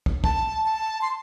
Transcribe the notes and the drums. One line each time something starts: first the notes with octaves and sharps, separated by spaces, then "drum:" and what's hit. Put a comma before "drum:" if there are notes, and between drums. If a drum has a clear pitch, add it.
drum: kick
A5, drum: kick
A5
C6